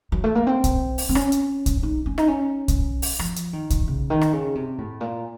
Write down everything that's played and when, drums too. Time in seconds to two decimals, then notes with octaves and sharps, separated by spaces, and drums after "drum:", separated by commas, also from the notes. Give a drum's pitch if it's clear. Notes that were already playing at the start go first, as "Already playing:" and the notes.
0.12 F#3
0.24 A3
0.35 A#3
0.47 C4
0.64 drum: kick B1, hi-hat
0.98 drum: open hi-hat
1.09 C4
1.15 C#4, drum: rim click
1.32 drum: hi-hat
1.66 drum: kick B1, hi-hat
1.83 D#4
2.06 C#4
2.18 D#4, drum: rim click
2.28 C#4
2.68 drum: kick B1, hi-hat
3.02 drum: open hi-hat
3.19 F3, drum: rim click
3.36 drum: hi-hat
3.53 D#3
3.70 drum: kick B1, hi-hat
3.88 C#3
4.10 D#3
4.21 drum: rim click
4.33 C#3
4.55 C3
4.78 A2
5.01 A#2